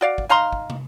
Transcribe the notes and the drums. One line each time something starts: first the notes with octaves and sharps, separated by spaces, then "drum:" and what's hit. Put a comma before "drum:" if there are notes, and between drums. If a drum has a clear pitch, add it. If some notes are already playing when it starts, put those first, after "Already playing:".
F#4 D5 F5
drum: kick
D#4 F5 A#5 C6
drum: kick
drum: tom